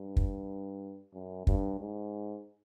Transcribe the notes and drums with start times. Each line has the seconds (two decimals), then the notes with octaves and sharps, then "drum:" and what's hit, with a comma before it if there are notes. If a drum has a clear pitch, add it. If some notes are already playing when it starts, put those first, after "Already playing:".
Already playing: G2
0.17 drum: kick
1.14 F#2
1.47 G2, drum: kick
1.80 G#2